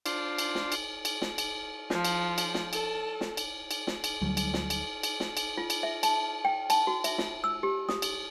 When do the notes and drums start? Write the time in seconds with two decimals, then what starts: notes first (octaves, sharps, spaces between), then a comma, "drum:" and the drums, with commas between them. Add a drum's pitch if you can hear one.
0.06 D4 F4 C5, drum: cymbal
0.39 drum: cymbal
0.55 drum: snare
0.72 drum: cymbal
1.05 drum: cymbal
1.22 drum: snare
1.38 drum: cymbal
1.90 F3, drum: snare
2.05 drum: cymbal
2.38 drum: cymbal
2.54 drum: snare
2.73 A4, drum: cymbal
3.21 drum: snare
3.37 drum: cymbal
3.71 drum: cymbal
3.87 drum: snare
4.04 drum: cymbal
4.22 D2 F#3 G3
4.37 drum: cymbal
4.54 drum: snare
4.70 drum: cymbal
5.03 drum: cymbal
5.20 drum: snare
5.37 drum: cymbal
5.58 F4
5.70 drum: cymbal
5.83 E5
6.03 A5, drum: cymbal
6.45 G5
6.70 A5, drum: cymbal
6.87 F#4
7.04 E5, drum: cymbal
7.18 F4, drum: snare
7.44 E6
7.63 G4
7.89 D#6, drum: snare
8.02 drum: cymbal